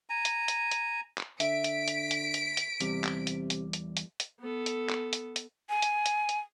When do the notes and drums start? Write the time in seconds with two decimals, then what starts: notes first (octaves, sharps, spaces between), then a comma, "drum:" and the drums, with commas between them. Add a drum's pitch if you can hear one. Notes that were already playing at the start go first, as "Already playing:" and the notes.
0.10 G#5 A#5
0.25 drum: hi-hat
0.48 drum: hi-hat
0.71 drum: hi-hat
1.18 drum: clap
1.40 D3 E5 B6 D7, drum: hi-hat
1.64 drum: hi-hat
1.88 drum: hi-hat
2.11 drum: hi-hat
2.34 drum: hi-hat
2.57 drum: hi-hat
2.80 E2 C3 G3, drum: hi-hat
3.04 drum: clap
3.27 drum: hi-hat
3.50 drum: hi-hat
3.73 drum: hi-hat
3.97 drum: hi-hat
4.20 drum: hi-hat
4.40 B3 A4
4.66 drum: hi-hat
4.89 drum: clap
5.13 drum: hi-hat
5.36 drum: hi-hat
5.69 G#5
5.82 drum: hi-hat
6.06 drum: hi-hat
6.29 drum: hi-hat